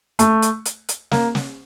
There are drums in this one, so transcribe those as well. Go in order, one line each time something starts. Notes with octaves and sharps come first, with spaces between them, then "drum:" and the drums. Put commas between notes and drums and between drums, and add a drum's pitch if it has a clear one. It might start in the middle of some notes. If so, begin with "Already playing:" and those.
A3, drum: hi-hat
drum: hi-hat
drum: hi-hat
drum: hi-hat
A#3, drum: snare
drum: snare